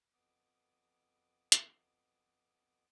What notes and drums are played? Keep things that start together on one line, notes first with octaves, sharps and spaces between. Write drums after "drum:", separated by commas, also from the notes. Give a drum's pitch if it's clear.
F2 B3 D6 D#6
drum: hi-hat